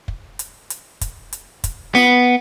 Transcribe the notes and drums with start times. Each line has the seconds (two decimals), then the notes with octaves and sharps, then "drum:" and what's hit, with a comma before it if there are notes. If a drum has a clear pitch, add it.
0.08 drum: kick
0.39 drum: hi-hat
0.70 drum: hi-hat
1.01 drum: kick, hi-hat
1.33 drum: hi-hat
1.64 drum: kick, hi-hat
1.95 B3, drum: snare F4